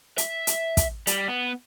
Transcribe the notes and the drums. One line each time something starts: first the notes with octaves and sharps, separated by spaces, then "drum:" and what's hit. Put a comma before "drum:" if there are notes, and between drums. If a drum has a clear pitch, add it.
E5, drum: hi-hat
drum: hi-hat
drum: kick, hi-hat
G3, drum: hi-hat
B3